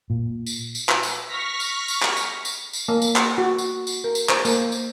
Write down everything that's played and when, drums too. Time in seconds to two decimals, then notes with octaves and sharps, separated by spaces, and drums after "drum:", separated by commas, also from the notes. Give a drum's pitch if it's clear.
0.10 A#2
0.46 drum: tambourine
0.75 drum: tambourine
0.89 drum: clap
1.03 drum: tambourine
1.27 C#6 F6 A#6 B6
1.60 drum: tambourine
1.88 drum: tambourine
2.02 drum: clap
2.17 drum: tambourine
2.45 drum: tambourine
2.73 drum: tambourine
2.88 A#3
3.02 drum: tambourine
3.16 drum: clap
3.38 F#4
3.58 drum: tambourine
3.87 drum: tambourine
4.04 A#4
4.15 drum: tambourine
4.29 C5, drum: clap
4.45 A#3, drum: tambourine
4.72 drum: tambourine